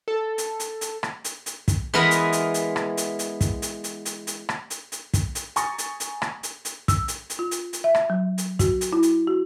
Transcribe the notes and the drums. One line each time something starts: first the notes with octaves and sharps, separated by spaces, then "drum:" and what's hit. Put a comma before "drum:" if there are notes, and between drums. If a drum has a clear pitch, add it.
A4
drum: hi-hat
drum: hi-hat
drum: hi-hat
drum: rim click
drum: hi-hat
drum: hi-hat
drum: kick, hi-hat
E3 G#3 B3 A#4 A#5 B5
drum: hi-hat
drum: hi-hat
drum: hi-hat
drum: rim click
drum: hi-hat
drum: hi-hat
drum: kick, hi-hat
drum: hi-hat
drum: hi-hat
drum: hi-hat
drum: hi-hat
drum: rim click
drum: hi-hat
drum: hi-hat
drum: kick, hi-hat
drum: hi-hat
G#5 A#5 C#6 D#6 A6 A#6, drum: hi-hat
drum: hi-hat
drum: hi-hat
drum: rim click
drum: hi-hat
drum: hi-hat
E6, drum: kick, hi-hat
drum: hi-hat
drum: hi-hat
F4
drum: hi-hat
drum: hi-hat
E5
drum: rim click
F#3
drum: hi-hat
F#4, drum: kick, hi-hat
drum: hi-hat
E4
drum: hi-hat
F#4